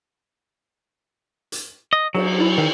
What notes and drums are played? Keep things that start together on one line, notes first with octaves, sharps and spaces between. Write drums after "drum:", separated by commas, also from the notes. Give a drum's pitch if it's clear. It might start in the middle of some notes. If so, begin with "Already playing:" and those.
drum: hi-hat
D#5
F#3, drum: cymbal
D#4 E4 B5
D#3 A#4 G5